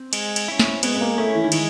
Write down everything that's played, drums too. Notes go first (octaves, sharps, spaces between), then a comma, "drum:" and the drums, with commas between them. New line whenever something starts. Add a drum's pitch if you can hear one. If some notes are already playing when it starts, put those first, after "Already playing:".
Already playing: C4
G#3, drum: cymbal
drum: cymbal
C#4 E4
drum: snare
G#3 B3, drum: cymbal
B3
A#3
A3 C#4 E4
E3
D#3
E3 G#3, drum: cymbal